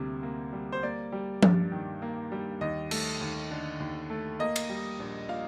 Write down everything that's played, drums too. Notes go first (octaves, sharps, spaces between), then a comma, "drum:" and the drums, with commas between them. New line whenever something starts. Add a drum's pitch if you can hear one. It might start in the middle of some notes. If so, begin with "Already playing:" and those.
Already playing: D2 C3 G3 A#3
A#3
G3
C5
A#3 D5
G3
G2, drum: tom F3
D#3
A#3
G3
D#2 D#5
A3, drum: cymbal
D#2
D3
D#2
A3
A#3 D#5
drum: cymbal
G3
A#1
A#2 F5